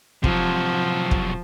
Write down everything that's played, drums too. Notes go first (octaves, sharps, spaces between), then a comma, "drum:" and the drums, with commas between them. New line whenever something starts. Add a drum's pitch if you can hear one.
C3 F3 F#3, drum: kick
drum: kick